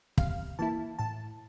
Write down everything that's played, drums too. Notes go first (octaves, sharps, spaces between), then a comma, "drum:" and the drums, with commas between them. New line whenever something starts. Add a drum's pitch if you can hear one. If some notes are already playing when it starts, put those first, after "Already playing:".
C3 F5, drum: kick
E3 A#3 E4 A5
A2 A5